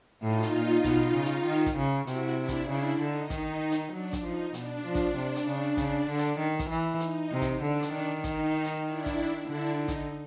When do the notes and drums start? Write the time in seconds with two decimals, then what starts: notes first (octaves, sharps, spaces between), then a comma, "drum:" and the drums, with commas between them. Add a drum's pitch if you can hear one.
0.22 A2 D#4 F4
0.43 drum: hi-hat
0.53 A#2
0.84 B2, drum: kick, hi-hat
1.14 C#3
1.25 drum: hi-hat
1.45 D#3
1.66 drum: kick, hi-hat
1.77 C#3
2.07 C3 E4 F#4, drum: hi-hat
2.38 D4 E4
2.48 drum: kick, hi-hat
2.69 C#3 D4 E4
2.99 D3 D#4
3.30 D#3 D#4, drum: kick, hi-hat
3.72 drum: hi-hat
3.92 F#3 D4
4.13 drum: kick, hi-hat
4.23 F3 D#4
4.54 B2 D4, drum: hi-hat
4.85 F3
4.95 drum: kick, hi-hat
5.15 C3
5.36 drum: hi-hat
5.47 C#3
5.77 C#3, drum: kick, hi-hat
6.08 D3
6.18 drum: hi-hat
6.38 D#3
6.59 drum: kick, hi-hat
6.69 E3
7.00 D#4, drum: hi-hat
7.31 C3
7.42 drum: kick, hi-hat
7.62 D3 D4
7.83 drum: hi-hat
7.94 D#3
8.24 D#4, drum: kick, hi-hat
8.65 drum: hi-hat
8.85 D4 E4
9.06 drum: kick, hi-hat
9.47 D3 D4 E4
9.78 D#4
9.88 drum: kick, hi-hat